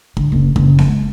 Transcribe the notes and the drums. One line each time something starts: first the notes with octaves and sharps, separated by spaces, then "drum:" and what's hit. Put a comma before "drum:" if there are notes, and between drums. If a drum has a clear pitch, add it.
D3, drum: kick
F#1
F#1, drum: kick
drum: snare B3
G#3